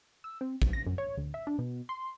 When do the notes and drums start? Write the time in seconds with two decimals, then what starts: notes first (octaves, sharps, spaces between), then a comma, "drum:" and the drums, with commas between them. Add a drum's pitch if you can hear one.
0.24 E6
0.41 C4
0.62 B1, drum: kick A1
0.73 A#6
0.86 F#2
0.98 C#5
1.17 D2
1.34 E5
1.47 D4
1.58 B2
1.89 C6